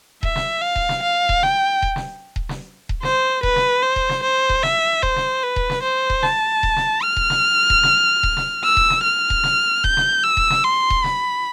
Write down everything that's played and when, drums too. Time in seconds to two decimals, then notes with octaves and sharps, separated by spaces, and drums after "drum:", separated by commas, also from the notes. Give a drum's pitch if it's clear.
0.23 E5, drum: kick D#1
0.36 drum: snare
0.62 F5
0.76 drum: kick D#1
0.89 drum: snare
1.03 F5
1.29 drum: kick D#1
1.43 G5, drum: snare
1.82 drum: kick D#1
1.96 drum: snare
2.36 drum: kick D#1
2.49 drum: snare
2.89 drum: kick D#1
3.03 C5, drum: snare
3.43 B4, drum: kick D#1
3.56 drum: snare
3.82 C5
3.96 drum: kick D#1
4.09 drum: snare
4.23 C5
4.49 drum: kick D#1
4.63 E5, drum: snare
5.03 C5, drum: kick D#1
5.16 drum: snare
5.43 B4
5.56 drum: kick D#1
5.70 drum: snare
5.83 C5
6.10 drum: kick D#1
6.23 A5, drum: snare
6.63 drum: kick D#1
6.76 drum: snare
7.03 F6
7.16 drum: kick D#1
7.30 drum: snare
7.70 drum: kick D#1
7.83 drum: snare
8.23 drum: kick D#1
8.37 drum: snare
8.64 E6
8.77 drum: kick D#1
8.90 drum: snare
9.04 F6
9.30 drum: kick D#1
9.43 drum: snare
9.84 G6, drum: kick D#1
9.97 drum: snare
10.24 E6
10.37 drum: kick D#1
10.50 drum: snare
10.64 C6
10.90 drum: kick D#1
11.04 B5, drum: snare